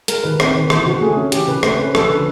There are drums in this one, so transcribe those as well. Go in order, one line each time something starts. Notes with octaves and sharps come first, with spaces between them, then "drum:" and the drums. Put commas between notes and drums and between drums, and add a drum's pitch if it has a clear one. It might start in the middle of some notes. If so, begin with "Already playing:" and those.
G#3 A#4, drum: hi-hat
D#3 B4
C4 C5, drum: rim click
D#3
E3 C5, drum: rim click
C#3 F#4
A3 G#4
C#4
E3 G4, drum: hi-hat
C#3 B4
A3 C5, drum: rim click
C#4 B4
F3 A4, drum: rim click
D3 B4